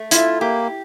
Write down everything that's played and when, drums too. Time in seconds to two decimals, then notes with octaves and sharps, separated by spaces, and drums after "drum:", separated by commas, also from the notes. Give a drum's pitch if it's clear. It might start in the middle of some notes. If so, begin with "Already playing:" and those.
Already playing: A3
0.11 E4 F4, drum: hi-hat
0.41 A#3 G4